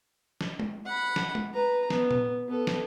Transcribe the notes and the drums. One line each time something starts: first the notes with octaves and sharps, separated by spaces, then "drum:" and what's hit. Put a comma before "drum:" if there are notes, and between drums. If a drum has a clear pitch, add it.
drum: snare
drum: tom G#3
F#5 B5
drum: snare
drum: tom G#3
B4 A#5
B3, drum: snare
drum: tom A#2
B3 A4
drum: snare